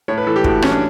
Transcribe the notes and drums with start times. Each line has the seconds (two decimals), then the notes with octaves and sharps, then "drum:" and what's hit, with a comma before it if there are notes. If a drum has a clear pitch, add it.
0.08 A2 C#5
0.18 B4
0.27 E3 A4
0.36 G4
0.44 A2 F#4, drum: kick
0.62 E3 C#4, drum: rim click
0.72 D4